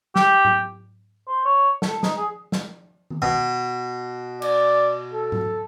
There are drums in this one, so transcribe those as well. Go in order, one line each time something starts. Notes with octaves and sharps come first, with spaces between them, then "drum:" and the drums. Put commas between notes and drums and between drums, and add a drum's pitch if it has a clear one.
G4, drum: snare
drum: tom G#2
C5
C#5
A4, drum: snare
D#4, drum: snare
G#4
drum: snare
drum: tom D#3
B2
D5, drum: cymbal
A4
drum: tom G#2